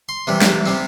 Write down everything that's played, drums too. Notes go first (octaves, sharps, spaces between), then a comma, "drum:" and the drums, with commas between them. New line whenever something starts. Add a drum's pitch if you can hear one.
C6
C3 E3 G3
drum: snare
C3 G3 C4